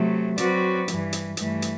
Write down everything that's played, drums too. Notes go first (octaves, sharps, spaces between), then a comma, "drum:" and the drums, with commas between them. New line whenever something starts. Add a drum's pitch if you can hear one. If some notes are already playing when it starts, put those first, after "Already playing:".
Already playing: C3 F#3 A3
F#3 C4 F#4 B4 D5, drum: hi-hat
G2 E3 G3, drum: hi-hat
drum: hi-hat
G2 E3 A3, drum: hi-hat
drum: hi-hat